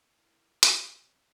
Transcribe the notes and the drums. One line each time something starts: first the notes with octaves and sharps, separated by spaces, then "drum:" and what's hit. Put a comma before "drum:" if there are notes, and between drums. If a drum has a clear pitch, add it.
A#3 E4
F2 G5 A5, drum: hi-hat